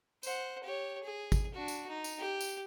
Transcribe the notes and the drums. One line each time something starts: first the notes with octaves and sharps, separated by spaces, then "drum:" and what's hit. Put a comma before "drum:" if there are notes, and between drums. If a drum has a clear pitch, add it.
C5 F#5, drum: tambourine
G4 C#5
G#4
drum: kick G#1, tambourine
D4 F#4
drum: tambourine
D#4
drum: tambourine
G4
drum: tambourine